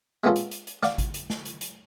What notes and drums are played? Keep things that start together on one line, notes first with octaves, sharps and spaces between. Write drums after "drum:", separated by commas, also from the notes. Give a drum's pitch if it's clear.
G#3 A#3 B3 C#4 F4 A4
drum: hi-hat
drum: hi-hat
drum: hi-hat
D5 F5 F#5, drum: snare
drum: kick G#1, hi-hat
drum: hi-hat
drum: snare
drum: hi-hat
drum: hi-hat